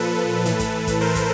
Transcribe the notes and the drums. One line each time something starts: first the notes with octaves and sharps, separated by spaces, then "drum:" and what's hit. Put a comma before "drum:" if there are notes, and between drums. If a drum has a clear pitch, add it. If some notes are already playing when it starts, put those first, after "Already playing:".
Already playing: A#2 F3 A4 B4
A2 E3, drum: hi-hat
drum: kick, hi-hat
drum: kick, hi-hat
A#4 C5
drum: kick, hi-hat